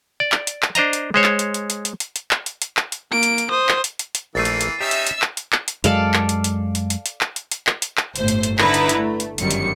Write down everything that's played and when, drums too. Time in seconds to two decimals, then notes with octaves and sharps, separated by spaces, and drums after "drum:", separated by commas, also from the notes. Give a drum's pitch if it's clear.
0.20 D5
0.32 drum: clap
0.47 drum: hi-hat
0.63 drum: clap
0.75 D4 C5 D#5 A#5, drum: hi-hat
0.93 drum: hi-hat
1.14 G#3 C5 C#5
1.24 drum: clap
1.39 drum: hi-hat
1.54 drum: hi-hat
1.70 drum: hi-hat
1.85 drum: hi-hat
2.00 drum: hi-hat
2.16 drum: hi-hat
2.31 drum: clap
2.46 drum: hi-hat
2.62 drum: hi-hat
2.77 drum: clap
2.92 drum: hi-hat
3.11 A#3 D7
3.23 drum: hi-hat
3.38 drum: hi-hat
3.50 C5 D#6
3.69 drum: clap
3.84 drum: hi-hat
3.99 drum: hi-hat
4.15 drum: hi-hat
4.35 A#1 E3 A3 A#3 A6 C7 D#7
4.45 drum: hi-hat
4.61 drum: hi-hat
4.81 C#4 D#4 G4 E5 E6
4.91 drum: hi-hat
5.07 drum: hi-hat
5.22 drum: clap
5.37 drum: hi-hat
5.52 drum: clap
5.68 drum: hi-hat
5.84 F#2 G#3 A4 D5 F5, drum: hi-hat
6.14 drum: clap
6.29 drum: hi-hat
6.44 drum: hi-hat
6.75 drum: hi-hat
6.90 drum: hi-hat
7.06 drum: hi-hat
7.21 drum: clap
7.36 drum: hi-hat
7.52 drum: hi-hat
7.67 drum: clap
7.82 drum: hi-hat
7.97 drum: clap
8.16 G1 A2 C5, drum: hi-hat
8.28 drum: hi-hat
8.43 drum: hi-hat
8.59 D3 D#4 E4 B4 A#5, drum: clap
8.74 drum: hi-hat
8.89 drum: hi-hat
8.99 A3
9.20 drum: hi-hat
9.38 G1 F#2 D#3 G3 C#7, drum: hi-hat
9.51 drum: hi-hat